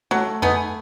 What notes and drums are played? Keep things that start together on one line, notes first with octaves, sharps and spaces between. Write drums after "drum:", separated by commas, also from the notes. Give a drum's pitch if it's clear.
F#3 A3
B3 D#4 G#4, drum: tom F2